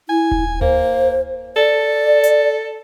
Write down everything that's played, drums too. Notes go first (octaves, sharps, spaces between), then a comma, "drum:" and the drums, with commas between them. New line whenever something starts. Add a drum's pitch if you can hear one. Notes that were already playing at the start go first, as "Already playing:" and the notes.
E4 G#5
drum: kick D#1
A#3 C5, drum: tom D2
A4 D5
drum: hi-hat